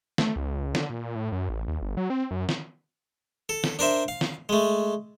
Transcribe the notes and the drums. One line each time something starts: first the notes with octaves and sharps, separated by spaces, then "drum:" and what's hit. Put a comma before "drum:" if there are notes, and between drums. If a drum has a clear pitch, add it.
A3, drum: snare
C#2
D3, drum: snare
A#2
A2
F#2
A1
D#2
G1
F#3
C4
F#2
drum: snare
A4
drum: snare
D4 A#4 C5 E5
F5
drum: snare
G#3 A3